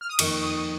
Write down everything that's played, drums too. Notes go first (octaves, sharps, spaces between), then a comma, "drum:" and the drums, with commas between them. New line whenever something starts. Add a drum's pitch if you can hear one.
F6
D#6
F2 D#3 A#3 D#4 C#6, drum: cymbal
D#6